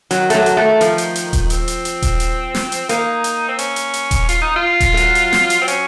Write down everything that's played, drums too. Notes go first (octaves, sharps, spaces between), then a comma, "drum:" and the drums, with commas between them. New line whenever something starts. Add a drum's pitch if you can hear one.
D#3 F#3, drum: hi-hat
A3, drum: hi-hat
F#3
drum: hi-hat
A3
F3, drum: hi-hat
drum: hi-hat
drum: hi-hat
drum: kick D#1, hi-hat
C4, drum: hi-hat
drum: hi-hat
drum: hi-hat
drum: kick D#1, hi-hat
drum: hi-hat
drum: snare
drum: hi-hat
A#3 D#4, drum: hi-hat
drum: hi-hat
C4
C#4, drum: hi-hat
drum: hi-hat
drum: hi-hat
drum: kick D#1, hi-hat
F4, drum: hi-hat
D#4
F4
drum: kick D#1, hi-hat
A3
F#3, drum: hi-hat
drum: hi-hat
drum: snare
drum: hi-hat
C4
C#4, drum: hi-hat